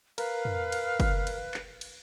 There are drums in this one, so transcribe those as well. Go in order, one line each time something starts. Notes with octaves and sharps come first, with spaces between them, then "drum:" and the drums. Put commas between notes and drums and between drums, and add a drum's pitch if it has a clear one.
A#4 B4 F5, drum: cymbal
drum: tom
drum: cymbal
drum: kick, cymbal
drum: cymbal
drum: clap
drum: cymbal